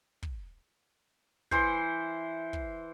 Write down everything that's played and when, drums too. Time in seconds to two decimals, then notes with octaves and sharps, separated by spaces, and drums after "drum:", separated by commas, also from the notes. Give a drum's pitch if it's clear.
0.23 drum: kick
1.51 E3 C5, drum: kick
2.53 drum: kick